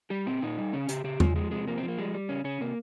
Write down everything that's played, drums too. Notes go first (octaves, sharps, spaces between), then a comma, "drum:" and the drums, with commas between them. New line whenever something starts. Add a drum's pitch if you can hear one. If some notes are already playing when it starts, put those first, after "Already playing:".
G3 G4
A#2 C4
A#2 D#4
G3
C#3 C#4
C#3 G4, drum: hi-hat
C#3 G4
C#3 F4, drum: tom E2
F3 G#3
C3 G#3
F3 A#3
C4
F3
A#3
G3 G#3
G3
C#3 C#4
C#3 C#4
C3 A#3